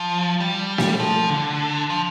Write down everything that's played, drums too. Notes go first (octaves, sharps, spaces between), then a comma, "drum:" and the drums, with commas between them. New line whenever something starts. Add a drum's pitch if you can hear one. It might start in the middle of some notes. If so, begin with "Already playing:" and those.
Already playing: F3
G3
drum: snare
F3
D3
F3